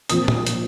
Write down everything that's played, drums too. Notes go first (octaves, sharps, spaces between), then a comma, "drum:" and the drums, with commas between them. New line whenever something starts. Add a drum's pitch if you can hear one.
A#2 F3 C4 D#6, drum: hi-hat
drum: tom
drum: hi-hat